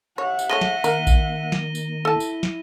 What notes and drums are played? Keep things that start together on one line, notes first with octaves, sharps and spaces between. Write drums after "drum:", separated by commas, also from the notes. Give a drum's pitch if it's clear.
G4 C#5 E5 F#5
drum: tambourine
G#3 A3 C#5 A#6 D#7 G7
drum: snare
D#3 A#3 A#4, drum: tambourine
drum: kick A#1, tambourine
drum: snare
drum: tambourine
E4 A4 A5
drum: tambourine
drum: snare